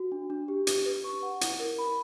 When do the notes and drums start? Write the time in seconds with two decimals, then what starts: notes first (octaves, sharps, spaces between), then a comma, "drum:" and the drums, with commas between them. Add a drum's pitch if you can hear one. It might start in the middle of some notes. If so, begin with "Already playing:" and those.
Already playing: F#4
0.12 D4
0.30 D4
0.48 G4
0.67 G4, drum: hi-hat
0.86 B4
1.04 C#6
1.23 F#5
1.41 E4, drum: hi-hat
1.60 A#4
1.78 B5